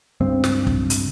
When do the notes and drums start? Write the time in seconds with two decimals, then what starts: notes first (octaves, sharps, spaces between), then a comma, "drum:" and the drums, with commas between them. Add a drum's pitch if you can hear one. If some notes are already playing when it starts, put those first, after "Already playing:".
0.20 C#2 G2 C4
0.44 drum: snare
0.67 drum: kick
0.90 drum: hi-hat